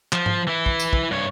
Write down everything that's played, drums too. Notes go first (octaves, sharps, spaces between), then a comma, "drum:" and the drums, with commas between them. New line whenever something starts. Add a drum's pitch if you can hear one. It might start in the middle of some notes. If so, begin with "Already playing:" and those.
F3, drum: clap
drum: tom G#2
E3 E4
drum: kick
drum: tambourine
drum: kick
G2 C#5